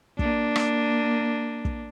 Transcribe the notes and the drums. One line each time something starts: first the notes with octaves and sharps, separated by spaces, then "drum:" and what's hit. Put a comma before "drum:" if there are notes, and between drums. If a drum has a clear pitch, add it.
A#3 D4, drum: kick
drum: rim click
drum: kick